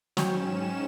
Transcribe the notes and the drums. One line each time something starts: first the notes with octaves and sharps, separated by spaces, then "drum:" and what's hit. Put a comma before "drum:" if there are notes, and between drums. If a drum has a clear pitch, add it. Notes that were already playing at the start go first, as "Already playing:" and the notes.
G#2 F#3 C#4 C#5 G5 E7, drum: snare